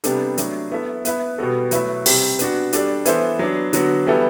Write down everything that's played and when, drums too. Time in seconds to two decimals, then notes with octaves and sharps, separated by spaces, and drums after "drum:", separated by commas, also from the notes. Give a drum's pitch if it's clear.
0.04 C3 G3 B3 D4 A4, drum: hi-hat
0.37 F#3 A3 D4, drum: hi-hat
0.72 B3 E4 A4 E5
1.05 B3 E4 B4 E5, drum: hi-hat
1.38 B2 G3 B3 F#4 A4
1.71 F#3 A3 E4 B4 E5, drum: hi-hat
2.06 C3 G3 C4 G4, drum: open hi-hat
2.39 B3 D4 F#4, drum: hi-hat
2.73 G3 D4 A4 D5, drum: hi-hat
3.05 E3 B3 E4 A4 C5, drum: hi-hat
3.39 F#3 B3 D4
3.73 D3 F#3 B3 F#4, drum: hi-hat
4.07 E3 G3 B3 E4 A4